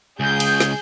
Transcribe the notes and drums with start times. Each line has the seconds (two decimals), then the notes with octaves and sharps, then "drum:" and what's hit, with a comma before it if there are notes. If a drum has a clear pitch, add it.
0.20 C#2 G#4 G6
0.40 drum: cymbal
0.60 drum: snare